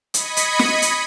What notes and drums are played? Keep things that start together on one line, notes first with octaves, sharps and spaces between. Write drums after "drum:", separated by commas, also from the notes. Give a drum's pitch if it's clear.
D#5 B5 D#6 G#6 B6 C#7, drum: hi-hat
drum: hi-hat
drum: snare
drum: hi-hat